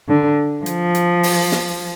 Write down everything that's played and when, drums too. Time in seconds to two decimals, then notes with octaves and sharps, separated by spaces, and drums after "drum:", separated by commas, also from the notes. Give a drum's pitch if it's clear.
0.08 D3
0.66 F3, drum: hi-hat
0.95 drum: hi-hat
1.23 drum: open hi-hat
1.52 drum: snare